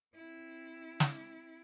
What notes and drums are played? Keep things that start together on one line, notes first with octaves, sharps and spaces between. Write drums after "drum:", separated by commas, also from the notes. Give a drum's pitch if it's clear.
C4 E4
drum: snare